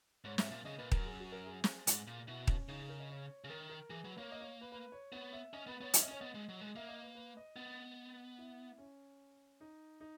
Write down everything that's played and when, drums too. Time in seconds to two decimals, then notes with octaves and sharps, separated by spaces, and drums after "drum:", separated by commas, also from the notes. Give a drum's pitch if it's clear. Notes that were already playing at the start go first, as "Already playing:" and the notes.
0.24 G#2 C#5
0.38 G#2 E5, drum: snare
0.51 A#2
0.65 C#3 D#5
0.78 A#2 B4
0.92 F#2 A#4, drum: kick D#1
1.05 G#4
1.20 F#4
1.32 A#4
1.46 G#4
1.64 drum: snare
1.87 G#2, drum: hi-hat
2.07 A#2
2.27 B2 E4
2.47 C#4, drum: kick D#1
2.68 C#3 D#4
2.79 D#4
2.89 A#4
2.99 D#5
3.10 C#5
3.44 C#3
3.50 D#3 A#4
3.70 A#4
3.90 E3 G#4
4.04 F#3 B4
4.17 A#3 C#5
4.32 D#5
4.41 C#5
4.61 B4
4.72 B4
4.92 C#5
5.12 B3 C#5
5.33 E5
5.53 C#4 D#5
5.67 B3 B4
5.81 B3 C#5
5.94 C#4 E5, drum: hi-hat
6.02 D#5
6.08 C#4 C#5
6.20 B3 D#5
6.34 G#3
6.49 F#3
6.61 G#3
6.75 A#3 E5
6.89 D#5
7.02 B4
7.15 B4
7.37 D#5
7.56 B3
8.38 E4
8.78 C#4
9.61 D#4
10.00 D#4